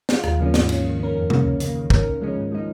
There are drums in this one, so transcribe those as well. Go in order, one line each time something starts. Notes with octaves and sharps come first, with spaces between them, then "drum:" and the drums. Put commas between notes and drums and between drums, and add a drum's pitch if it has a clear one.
G#3 F4, drum: snare
D#2, drum: rim click
C#3 F3 A#3 C#4
G#2, drum: snare
D#3 C#4, drum: cymbal
D#3
C#4 A#4
F2
C#3 A#3 C#4, drum: tom C3
C#2
C#3 A#3, drum: hi-hat
D#3
C#4 A#4, drum: kick
C#2
C#3 F3 G#3 C#4
G#2
F3 G#3 D#4